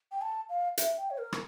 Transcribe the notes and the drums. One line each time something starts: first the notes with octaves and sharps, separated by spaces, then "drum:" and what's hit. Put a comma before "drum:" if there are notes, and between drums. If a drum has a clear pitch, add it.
G5
A5
F5
E5, drum: hi-hat
G5
C#5
A#4
drum: rim click